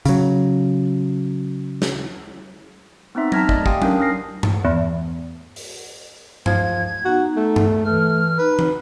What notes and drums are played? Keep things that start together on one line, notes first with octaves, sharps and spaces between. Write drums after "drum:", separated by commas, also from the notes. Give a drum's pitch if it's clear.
C#3 F#3, drum: hi-hat
drum: snare
B3 C4 D#4 E5 C6
A5 A#5 F6 G#6 A#6 B6, drum: tom F#3
A3 D5 D#5, drum: kick
G4 F5 G5 G#5 C6 D#6, drum: kick
C#4 D4 A#4, drum: tom F#3
D#6 F6 A#6 C7
drum: tom G2
E2
drum: open hi-hat
F3 G#6, drum: tom G2
B3 D#4 F#4
A3
drum: tom G2
E3 A3 F6
D#4 B4
drum: tom